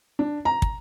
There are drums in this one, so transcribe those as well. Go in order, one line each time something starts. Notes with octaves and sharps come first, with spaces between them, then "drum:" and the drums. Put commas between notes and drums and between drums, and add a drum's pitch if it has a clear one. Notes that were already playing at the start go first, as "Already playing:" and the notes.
D4
A#5
drum: kick